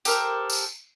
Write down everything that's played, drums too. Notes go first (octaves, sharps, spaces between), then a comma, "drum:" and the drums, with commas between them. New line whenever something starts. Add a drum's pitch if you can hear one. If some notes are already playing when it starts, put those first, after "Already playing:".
G4 A4 A#4 C5, drum: tambourine
drum: tambourine